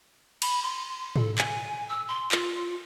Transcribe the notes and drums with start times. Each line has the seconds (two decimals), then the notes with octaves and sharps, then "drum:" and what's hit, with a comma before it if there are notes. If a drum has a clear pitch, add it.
0.42 B5, drum: cymbal
0.62 C6
1.16 A4, drum: tom G#2
1.38 G#5, drum: clap
1.89 E6
2.08 C6
2.32 F4, drum: clap